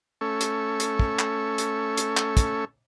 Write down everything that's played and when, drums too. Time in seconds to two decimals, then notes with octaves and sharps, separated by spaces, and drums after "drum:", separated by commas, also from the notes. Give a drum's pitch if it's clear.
0.21 A3 C#4 A4 C#6
0.41 drum: hi-hat
0.80 drum: hi-hat
0.99 drum: kick
1.19 drum: clap
1.58 drum: hi-hat
1.97 drum: hi-hat
2.17 drum: clap
2.37 drum: kick, hi-hat